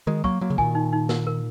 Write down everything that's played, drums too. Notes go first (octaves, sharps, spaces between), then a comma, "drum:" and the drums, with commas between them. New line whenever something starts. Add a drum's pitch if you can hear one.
D#3 G#3 F#4
F#3 A#3 C#6, drum: kick
F#3 A#3 F#4
C#3
A#2 D#3 G#5, drum: kick
D#4
D#4
A#4, drum: snare
A#4